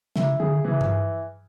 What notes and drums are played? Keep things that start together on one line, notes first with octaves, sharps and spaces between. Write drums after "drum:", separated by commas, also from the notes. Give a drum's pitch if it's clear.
C#3 E4, drum: snare
D3 G#4
C#3 E3
drum: tom G2